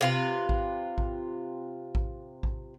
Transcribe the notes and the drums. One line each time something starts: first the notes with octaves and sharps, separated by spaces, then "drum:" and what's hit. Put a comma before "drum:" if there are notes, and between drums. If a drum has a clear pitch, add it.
C3 F4 B4
drum: kick A1
drum: kick A1
drum: kick A1
drum: kick A1